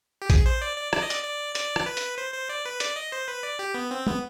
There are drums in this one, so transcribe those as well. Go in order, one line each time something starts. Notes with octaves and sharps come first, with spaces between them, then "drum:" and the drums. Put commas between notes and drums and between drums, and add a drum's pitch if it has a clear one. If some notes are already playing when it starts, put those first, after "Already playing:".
G4
G#4, drum: kick A#1, hi-hat
C5
D5
D5
D5, drum: rim click
D#5
D5, drum: hi-hat
D5
D5, drum: hi-hat
drum: rim click
B4
drum: hi-hat
C5
C5
D5
B4
D5, drum: hi-hat
D#5
C5
B4
D5
G4
B3
C4
B3, drum: tom